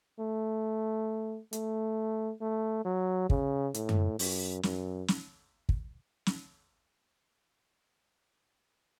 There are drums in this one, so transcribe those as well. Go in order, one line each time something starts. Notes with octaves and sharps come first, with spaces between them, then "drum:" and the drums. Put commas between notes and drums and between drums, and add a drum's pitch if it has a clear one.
A3
A3, drum: hi-hat
A3
F#3
C#3, drum: kick
A2, drum: hi-hat
drum: tom F#2
F#2, drum: open hi-hat
F#2, drum: snare
drum: snare
drum: kick
drum: snare